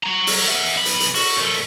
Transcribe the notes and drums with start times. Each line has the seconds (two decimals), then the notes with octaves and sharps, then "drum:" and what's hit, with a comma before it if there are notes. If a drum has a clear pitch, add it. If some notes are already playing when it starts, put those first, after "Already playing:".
0.03 F#4 A#5
0.27 drum: open hi-hat
0.48 E5 F#5
0.76 B1 B5
0.85 drum: hi-hat
1.00 drum: hi-hat
1.15 F#4, drum: open hi-hat
1.37 F#2 A3